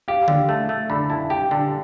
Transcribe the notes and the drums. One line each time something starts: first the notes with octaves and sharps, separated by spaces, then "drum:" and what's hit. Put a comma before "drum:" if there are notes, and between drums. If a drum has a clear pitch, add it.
G4 F5
D3, drum: tom D3
A3 A5
A3
D3 B5
E4 A5
G4 G5
D3 A5